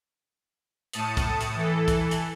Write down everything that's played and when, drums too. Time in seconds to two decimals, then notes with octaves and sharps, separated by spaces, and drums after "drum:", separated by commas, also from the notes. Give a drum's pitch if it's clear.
0.93 A2 A5 D#6 C#7, drum: hi-hat
1.17 drum: kick, hi-hat
1.41 drum: hi-hat
1.55 E3 A4
1.88 drum: kick, hi-hat
2.11 drum: hi-hat